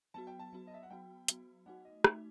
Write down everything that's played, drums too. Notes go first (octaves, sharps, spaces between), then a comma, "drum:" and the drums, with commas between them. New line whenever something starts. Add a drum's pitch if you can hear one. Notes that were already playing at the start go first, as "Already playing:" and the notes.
F#3 B3 F#4 A5
G5
A5
F#3 B3 F#4
D#5
E5
F#5
F#3 B3 F#4 G5
F#3 B3 F#4, drum: hi-hat
A3 D#4 F#4 F#5
D#5
A3 D#4 F#4 E5, drum: rim click